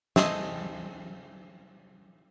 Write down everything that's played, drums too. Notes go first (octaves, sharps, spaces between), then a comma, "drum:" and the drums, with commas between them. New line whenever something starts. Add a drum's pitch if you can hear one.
A3 C4 G#4 B4 D#5, drum: snare